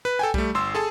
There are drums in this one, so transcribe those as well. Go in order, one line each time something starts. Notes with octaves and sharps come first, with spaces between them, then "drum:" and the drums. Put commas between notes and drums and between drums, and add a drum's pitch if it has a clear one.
B4
A4 G5 G#5
G3 A3, drum: kick B1
G1 C6 E6
G#4 A4 A5